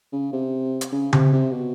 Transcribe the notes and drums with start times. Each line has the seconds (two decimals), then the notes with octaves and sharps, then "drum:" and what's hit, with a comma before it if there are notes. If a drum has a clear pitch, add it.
0.12 C#3
0.32 C3
0.81 drum: hi-hat
0.92 C#3
1.13 C3, drum: tom C#3
1.33 C3
1.52 B2